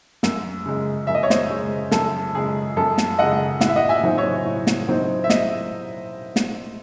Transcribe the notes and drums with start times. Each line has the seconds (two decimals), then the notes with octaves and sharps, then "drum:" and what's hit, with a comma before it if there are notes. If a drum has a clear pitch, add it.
0.23 F#2, drum: snare
0.66 C#3 G#3
1.07 F#2 E5
1.15 D#5
1.23 C#5
1.30 C5 D#5, drum: snare
1.50 C#3 G#3
1.91 F#2 A4, drum: snare
2.34 C#3 G#3 G#4
2.77 F#2 A4
2.98 drum: snare
3.19 C#3 G#3 D#5 F#5
3.61 A2 F#5, drum: snare
3.69 E5
3.76 D#5 F#5
3.89 E5 G#5
4.04 F#3 C4 D#4
4.17 C#5 E5
4.45 A2
4.67 drum: snare
4.89 F#3 C4 D#4
5.24 E5
5.30 D#5, drum: snare
6.36 drum: snare